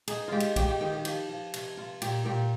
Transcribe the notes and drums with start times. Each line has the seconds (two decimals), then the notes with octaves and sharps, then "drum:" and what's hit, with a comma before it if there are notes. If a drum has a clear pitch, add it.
0.08 D#4 G#4, drum: cymbal
0.28 G#3 F4 G4
0.40 drum: cymbal
0.56 G#3 G4, drum: kick, cymbal
0.69 G4
0.81 D#3 G4
0.93 G4
1.05 F3 G4, drum: cymbal
1.29 F3
1.54 C3, drum: cymbal
1.77 F4
2.02 A#2 G4, drum: cymbal
2.25 A#2 G4